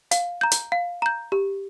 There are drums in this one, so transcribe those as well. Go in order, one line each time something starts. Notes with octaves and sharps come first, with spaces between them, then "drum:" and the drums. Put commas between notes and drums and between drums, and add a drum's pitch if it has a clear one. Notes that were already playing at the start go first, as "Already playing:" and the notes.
F5, drum: hi-hat
A#5 G6
drum: hi-hat
F5
A#5 G6
G4